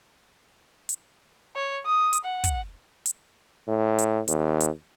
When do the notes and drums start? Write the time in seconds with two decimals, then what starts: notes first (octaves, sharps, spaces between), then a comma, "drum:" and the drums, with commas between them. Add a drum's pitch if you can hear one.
0.89 drum: hi-hat
1.55 C#5
1.86 D#6
2.13 drum: hi-hat
2.24 F#5
2.44 drum: kick, hi-hat
3.06 drum: hi-hat
3.68 A2
3.98 drum: hi-hat
4.28 D#2, drum: hi-hat
4.60 drum: hi-hat